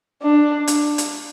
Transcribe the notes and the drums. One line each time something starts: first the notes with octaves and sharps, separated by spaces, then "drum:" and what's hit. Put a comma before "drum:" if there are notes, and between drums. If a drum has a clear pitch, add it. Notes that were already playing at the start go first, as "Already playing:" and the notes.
D4
drum: hi-hat
drum: hi-hat